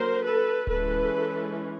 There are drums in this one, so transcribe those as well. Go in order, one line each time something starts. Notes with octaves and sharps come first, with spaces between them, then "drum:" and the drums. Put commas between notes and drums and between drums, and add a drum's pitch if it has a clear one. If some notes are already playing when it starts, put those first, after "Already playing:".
Already playing: D3 F#3 A#3 A#4 C5
A4 B4
E3 G#3 C#4 A4 B4, drum: kick D1